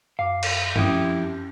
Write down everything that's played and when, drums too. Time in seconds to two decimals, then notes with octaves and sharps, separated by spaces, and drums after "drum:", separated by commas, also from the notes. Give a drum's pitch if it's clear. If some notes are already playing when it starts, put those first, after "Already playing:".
0.19 F#2 F5 D6
0.43 drum: cymbal
0.76 F2 C#4 E4 G4 D#6, drum: tom G2